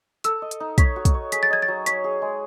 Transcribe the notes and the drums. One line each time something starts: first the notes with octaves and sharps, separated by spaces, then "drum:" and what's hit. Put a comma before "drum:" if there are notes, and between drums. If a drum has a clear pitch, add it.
A4 E6, drum: hi-hat
D#5
drum: hi-hat
D#4
C#5 B6, drum: kick, hi-hat
F#4
drum: kick, hi-hat
C#5
G#4 B6, drum: hi-hat
A6
D#5 G#6
A6
F#3
C#5 B6, drum: hi-hat
G#4
G#3